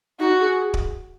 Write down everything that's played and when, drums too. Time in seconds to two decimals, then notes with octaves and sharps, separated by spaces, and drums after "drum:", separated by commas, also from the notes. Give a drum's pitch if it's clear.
0.19 D#4 F#4
0.40 G#4
0.74 drum: kick D1